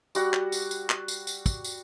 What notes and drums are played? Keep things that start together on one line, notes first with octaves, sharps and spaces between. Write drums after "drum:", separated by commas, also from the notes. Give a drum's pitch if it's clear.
G3 F#4 F#5, drum: tambourine
drum: clap
drum: tambourine
drum: tambourine
drum: clap
drum: tambourine
drum: tambourine
drum: kick, tambourine
drum: tambourine